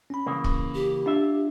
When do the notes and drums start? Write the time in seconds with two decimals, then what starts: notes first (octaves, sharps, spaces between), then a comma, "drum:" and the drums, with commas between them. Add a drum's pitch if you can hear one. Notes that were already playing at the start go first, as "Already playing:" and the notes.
0.10 C#4 B5
0.26 C#3 E3 A#3
0.44 drum: kick
0.75 G4
1.06 D4 F4 E5